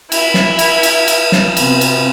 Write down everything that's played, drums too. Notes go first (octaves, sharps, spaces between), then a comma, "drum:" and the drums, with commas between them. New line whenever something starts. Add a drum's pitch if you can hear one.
E4 E5, drum: cymbal
drum: snare
drum: cymbal
drum: cymbal
drum: cymbal
drum: snare
C3 B3, drum: cymbal
drum: cymbal